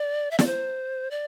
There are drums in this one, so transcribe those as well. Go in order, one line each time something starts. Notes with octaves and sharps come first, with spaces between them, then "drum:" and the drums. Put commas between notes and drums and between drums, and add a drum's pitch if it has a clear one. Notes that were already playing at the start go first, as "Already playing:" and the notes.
Already playing: D5
E5
D5, drum: snare
C5
D5